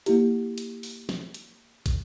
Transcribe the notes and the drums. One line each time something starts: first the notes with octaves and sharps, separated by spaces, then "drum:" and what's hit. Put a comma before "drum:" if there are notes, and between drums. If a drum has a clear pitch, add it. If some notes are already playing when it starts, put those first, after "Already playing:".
A#3 E4 G4, drum: hi-hat
drum: hi-hat
drum: open hi-hat
drum: snare
drum: hi-hat
drum: kick, hi-hat